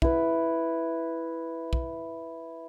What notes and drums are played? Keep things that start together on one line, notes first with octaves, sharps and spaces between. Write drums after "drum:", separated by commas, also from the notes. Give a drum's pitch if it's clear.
E4 B4, drum: kick
drum: kick